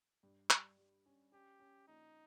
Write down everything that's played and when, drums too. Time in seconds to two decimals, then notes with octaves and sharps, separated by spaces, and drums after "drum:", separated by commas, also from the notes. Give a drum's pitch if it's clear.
0.23 G2
0.50 G3, drum: clap
0.77 G3
1.06 C#4
1.32 C#4 G4
1.60 C#4
1.88 A#1 D#4